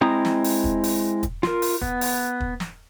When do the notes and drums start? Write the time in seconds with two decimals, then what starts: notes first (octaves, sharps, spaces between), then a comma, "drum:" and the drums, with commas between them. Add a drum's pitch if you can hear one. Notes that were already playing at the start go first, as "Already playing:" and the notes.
0.01 G#3 C4 E4 A#5 D#6
0.25 drum: snare
0.44 drum: open hi-hat
0.64 drum: kick
0.84 drum: open hi-hat
1.23 drum: kick, hi-hat
1.43 F4 A#4, drum: snare
1.62 drum: open hi-hat
1.82 B3, drum: kick
2.01 drum: open hi-hat
2.40 drum: kick
2.60 drum: snare